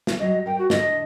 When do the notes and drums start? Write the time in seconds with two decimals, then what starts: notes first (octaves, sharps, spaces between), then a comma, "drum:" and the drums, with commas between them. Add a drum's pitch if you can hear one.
0.07 drum: snare
0.19 F#3 G3 C#5 D#5
0.46 G3 A#4 G5
0.58 F#4
0.70 A2 D3 D#5, drum: snare